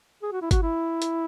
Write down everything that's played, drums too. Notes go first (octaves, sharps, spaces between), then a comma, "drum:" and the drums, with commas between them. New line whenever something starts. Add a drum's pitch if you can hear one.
G#4
F#4
E4
F#4, drum: kick G1, hi-hat
E4
drum: hi-hat